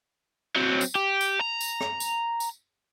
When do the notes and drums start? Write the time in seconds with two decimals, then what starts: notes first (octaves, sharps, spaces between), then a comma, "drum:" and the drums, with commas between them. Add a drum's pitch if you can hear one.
0.56 F#3 C4
0.81 drum: tambourine
0.95 G4
1.21 drum: tambourine
1.41 A#5
1.61 drum: tambourine
1.80 drum: rim click
2.00 drum: tambourine
2.40 drum: tambourine